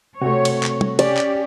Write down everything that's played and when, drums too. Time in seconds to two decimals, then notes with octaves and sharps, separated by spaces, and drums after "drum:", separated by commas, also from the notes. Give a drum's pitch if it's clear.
0.22 C3 A3 C4 F#4 C#5
0.45 drum: cymbal
0.63 drum: clap
0.81 drum: tom
0.99 C#4 G4 D5, drum: cymbal
1.17 drum: clap